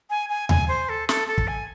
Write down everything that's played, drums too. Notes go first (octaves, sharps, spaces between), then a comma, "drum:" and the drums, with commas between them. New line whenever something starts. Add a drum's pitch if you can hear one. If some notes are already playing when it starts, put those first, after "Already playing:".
G#5
G#5
G#5, drum: tom D#2
C5
A4
A4, drum: snare
A4
drum: kick
G#5